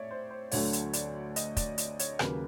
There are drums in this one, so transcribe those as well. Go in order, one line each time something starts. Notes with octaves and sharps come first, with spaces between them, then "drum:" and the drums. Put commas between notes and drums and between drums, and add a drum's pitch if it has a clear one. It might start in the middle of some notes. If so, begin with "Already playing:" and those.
Already playing: A2 C#5 D5 E5
C5
C5
D2 D3 F#3 A3 C#5, drum: open hi-hat
drum: hi-hat
D5, drum: hi-hat
D#5, drum: hi-hat
D5, drum: kick, hi-hat
D5, drum: hi-hat
C#5, drum: hi-hat
D#2 C#3 F#3 A#3 B4, drum: rim click